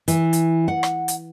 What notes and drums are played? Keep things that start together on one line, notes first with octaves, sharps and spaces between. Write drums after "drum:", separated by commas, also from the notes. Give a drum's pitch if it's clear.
E3, drum: hi-hat
drum: hi-hat
F#5
drum: rim click
drum: hi-hat